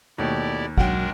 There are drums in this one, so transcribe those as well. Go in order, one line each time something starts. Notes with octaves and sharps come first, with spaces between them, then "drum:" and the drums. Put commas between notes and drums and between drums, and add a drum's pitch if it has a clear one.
D#2 B2 A3 E4 G4 D5
B1 F#3 G#3 D4 A#4 F#5 G5, drum: kick